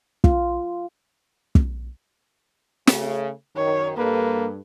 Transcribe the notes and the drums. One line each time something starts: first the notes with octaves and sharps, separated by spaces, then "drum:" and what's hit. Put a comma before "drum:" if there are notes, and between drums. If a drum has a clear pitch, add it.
F4, drum: kick
drum: kick
C#3 A3, drum: snare
F#2 D#3 C#5
G2 A#3 A4 B4